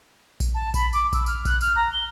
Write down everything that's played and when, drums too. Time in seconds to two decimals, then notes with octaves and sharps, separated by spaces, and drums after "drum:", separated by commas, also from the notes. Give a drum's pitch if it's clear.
0.40 drum: kick A#1, tambourine
0.54 A5
0.74 B5, drum: kick A#1, tambourine
0.93 D6, drum: tambourine
1.13 E6, drum: kick A#1, tambourine
1.26 F6, drum: tambourine
1.45 F#6, drum: kick A#1, tambourine
1.61 F6, drum: tambourine
1.75 A#5
1.92 G7